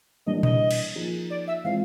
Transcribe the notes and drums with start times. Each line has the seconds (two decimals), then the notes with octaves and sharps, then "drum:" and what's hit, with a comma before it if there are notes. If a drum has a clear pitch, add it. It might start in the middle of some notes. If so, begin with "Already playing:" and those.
0.26 E3 G3 A#3 D4 D#5
0.43 D#5, drum: tom A#2
0.71 drum: cymbal
0.95 F3 A#3 D#4 G#4
1.30 D5
1.47 E5
1.64 E3 G#3 C4 F4 F5